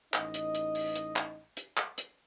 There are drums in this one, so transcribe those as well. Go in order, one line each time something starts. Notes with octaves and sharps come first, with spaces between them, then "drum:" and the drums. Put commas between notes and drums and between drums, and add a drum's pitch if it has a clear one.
A1 D#4 D#5, drum: clap
drum: hi-hat
drum: hi-hat
drum: open hi-hat
drum: hi-hat
drum: clap
drum: hi-hat
drum: clap
drum: hi-hat